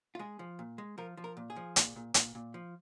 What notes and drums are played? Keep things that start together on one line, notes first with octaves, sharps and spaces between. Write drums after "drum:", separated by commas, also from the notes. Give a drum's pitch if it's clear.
F4
G#3 G#4
F3
A#2
G#3
F3 A#4
F3
A#4
A#2
G#4
F3
A#2, drum: hi-hat
A#2
A#2, drum: hi-hat
A#2
F3